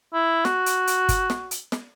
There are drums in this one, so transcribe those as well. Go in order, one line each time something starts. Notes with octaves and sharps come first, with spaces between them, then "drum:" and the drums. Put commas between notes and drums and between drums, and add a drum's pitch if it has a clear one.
E4
F#4, drum: snare
drum: hi-hat
drum: hi-hat
drum: kick G1, hi-hat
drum: snare
drum: hi-hat
drum: snare